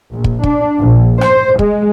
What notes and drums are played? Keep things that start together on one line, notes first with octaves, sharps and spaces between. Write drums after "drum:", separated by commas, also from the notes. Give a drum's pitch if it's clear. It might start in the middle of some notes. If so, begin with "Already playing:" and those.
A#1
drum: kick
D4, drum: kick
A#1
C5, drum: rim click
G#3, drum: kick